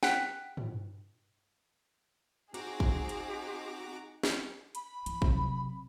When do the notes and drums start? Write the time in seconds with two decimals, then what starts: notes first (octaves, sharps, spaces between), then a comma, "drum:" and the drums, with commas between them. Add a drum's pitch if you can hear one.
0.03 F#5 G5 F#6 B6, drum: snare
0.57 drum: tom
2.54 C4 D#4 F#4 G#4 A#5 D6, drum: hi-hat
2.80 drum: kick
3.09 drum: hi-hat
4.23 drum: snare
4.75 B5, drum: hi-hat
5.06 E3, drum: hi-hat
5.22 C3 F#3, drum: kick